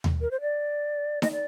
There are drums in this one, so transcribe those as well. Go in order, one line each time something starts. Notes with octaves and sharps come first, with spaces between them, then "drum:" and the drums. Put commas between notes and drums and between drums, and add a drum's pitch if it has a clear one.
drum: tom D#2
A#4
C5
D5
D#5, drum: snare D#4
D5